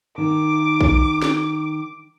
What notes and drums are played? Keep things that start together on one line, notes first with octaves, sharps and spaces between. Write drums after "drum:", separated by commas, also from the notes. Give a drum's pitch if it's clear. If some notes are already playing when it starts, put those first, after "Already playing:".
D#3 D6
drum: kick A#1
drum: snare